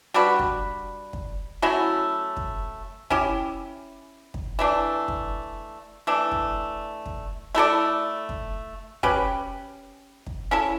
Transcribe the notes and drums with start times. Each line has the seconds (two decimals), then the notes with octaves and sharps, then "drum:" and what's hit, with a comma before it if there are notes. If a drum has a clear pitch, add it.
0.14 G3 D4 F#4 B4
0.39 drum: kick
1.13 drum: kick
1.62 F#3 A3 C#4 E4
2.37 drum: kick
3.10 C#4 E4 G4, drum: kick
4.34 drum: kick
4.59 E3 A3 D4
5.08 drum: kick
6.07 E3 A3 D4
6.32 drum: kick
7.06 drum: kick
7.55 A3 E4 A4 D5
8.29 drum: kick
9.03 C#4 G4 B4, drum: kick
10.26 drum: kick
10.51 C#4 E4 A4